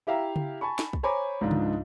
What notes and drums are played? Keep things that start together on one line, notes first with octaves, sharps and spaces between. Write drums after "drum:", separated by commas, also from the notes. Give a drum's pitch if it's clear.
E4 G4 E5 F5 A#5
drum: tom C#3
G#5 A5 B5 C#6
drum: snare
drum: kick
C5 C#5 G#5 A#5 B5 D6
C#2 G#2 F3 D4 D#4
drum: tom C#3